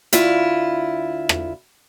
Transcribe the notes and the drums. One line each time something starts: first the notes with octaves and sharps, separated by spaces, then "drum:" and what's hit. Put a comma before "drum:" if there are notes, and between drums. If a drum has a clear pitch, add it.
D2 E4 F4, drum: hi-hat
drum: rim click